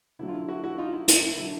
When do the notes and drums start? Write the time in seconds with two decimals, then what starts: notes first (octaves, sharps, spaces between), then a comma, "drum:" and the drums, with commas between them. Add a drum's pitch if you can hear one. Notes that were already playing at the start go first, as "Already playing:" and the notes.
0.19 D3 F#3 E4
0.28 F4
0.34 E4
0.48 E4 F#4
0.63 E4 F#4
0.78 D#4 F4
0.93 E4
1.08 E4, drum: hi-hat
1.23 E4
1.37 D3 F#3 E4